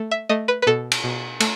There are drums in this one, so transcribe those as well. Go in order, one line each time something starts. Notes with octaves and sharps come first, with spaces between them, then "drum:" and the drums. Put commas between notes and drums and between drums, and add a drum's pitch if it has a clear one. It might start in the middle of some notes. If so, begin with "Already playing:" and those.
Already playing: A3
E5
A3 D#5
B4
B4
B2 A4
drum: cymbal
B2
A3, drum: cymbal